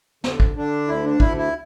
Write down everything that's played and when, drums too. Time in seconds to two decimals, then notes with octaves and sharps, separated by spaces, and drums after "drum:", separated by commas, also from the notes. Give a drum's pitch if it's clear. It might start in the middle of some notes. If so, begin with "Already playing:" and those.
0.24 D3, drum: snare
0.40 drum: kick
0.55 D3 D4
0.88 D2 E4
1.04 D4
1.20 D2 E4, drum: kick
1.37 E4